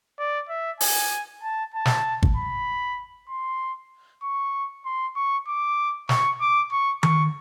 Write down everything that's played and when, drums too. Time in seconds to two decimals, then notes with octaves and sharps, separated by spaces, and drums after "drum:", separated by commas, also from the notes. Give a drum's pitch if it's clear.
0.19 D5
0.49 E5
0.81 G#5, drum: open hi-hat
1.42 A5
1.74 A5
1.85 drum: snare
2.23 drum: kick
2.36 B5
3.30 C6
4.23 C#6
4.85 C6
5.16 C#6
5.48 D6
6.09 C#6, drum: snare
6.41 D6
6.72 C#6
7.03 C#6, drum: tom D#3